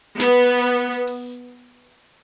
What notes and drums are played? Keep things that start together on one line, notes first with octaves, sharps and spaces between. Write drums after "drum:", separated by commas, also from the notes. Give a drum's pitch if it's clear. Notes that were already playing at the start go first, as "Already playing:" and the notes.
B3, drum: snare
drum: open hi-hat